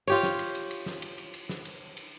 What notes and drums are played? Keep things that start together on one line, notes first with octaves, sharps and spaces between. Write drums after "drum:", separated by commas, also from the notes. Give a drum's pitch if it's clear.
F4 G4 C#5, drum: cymbal
drum: snare
drum: cymbal
drum: cymbal
drum: cymbal
drum: snare
drum: cymbal
drum: cymbal
drum: cymbal
drum: snare
drum: cymbal
drum: cymbal